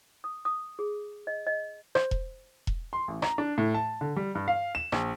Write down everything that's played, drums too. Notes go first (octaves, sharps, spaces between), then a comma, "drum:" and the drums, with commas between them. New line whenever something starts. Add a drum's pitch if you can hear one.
D#6
D#6
G#4
D#5
D#5
C5, drum: rim click
drum: kick E1
drum: kick E1
C6
A1
A#5, drum: rim click
D4
A2
A5
D3
G3
G2
F5
E7
A#1, drum: rim click